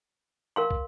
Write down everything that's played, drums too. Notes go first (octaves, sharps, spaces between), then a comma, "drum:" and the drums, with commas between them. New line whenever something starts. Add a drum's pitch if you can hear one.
A#4 F5 C6
drum: kick